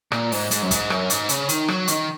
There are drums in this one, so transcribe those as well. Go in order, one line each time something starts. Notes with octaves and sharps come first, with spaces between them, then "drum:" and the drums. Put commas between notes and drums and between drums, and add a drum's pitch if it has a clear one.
A#2, drum: rim click
G#2, drum: open hi-hat
G#2, drum: hi-hat
F#2
G#2, drum: kick, hi-hat
F#2, drum: rim click
G#2, drum: hi-hat
C#3, drum: hi-hat
D#3, drum: hi-hat
F#3, drum: rim click
D#3, drum: hi-hat